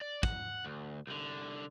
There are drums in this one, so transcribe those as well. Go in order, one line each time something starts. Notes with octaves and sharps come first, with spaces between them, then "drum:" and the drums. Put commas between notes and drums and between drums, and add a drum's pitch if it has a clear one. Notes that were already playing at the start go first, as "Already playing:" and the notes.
D5
F#5, drum: kick
D2
C2 D3